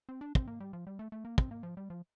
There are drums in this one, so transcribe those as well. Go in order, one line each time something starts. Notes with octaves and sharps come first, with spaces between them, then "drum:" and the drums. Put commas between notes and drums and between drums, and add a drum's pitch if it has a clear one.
C4
D4
C4, drum: kick
A#3
G3
F3
G3
A3
A3
A#3
C4, drum: kick
A#3
F3
G3
F3